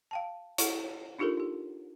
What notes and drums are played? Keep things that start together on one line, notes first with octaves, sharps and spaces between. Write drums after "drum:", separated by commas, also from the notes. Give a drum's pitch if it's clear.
F5 G5 A5
E4 A4 F#5, drum: hi-hat
D4 D#4 F4 G4 A4 A#4
D#4 G4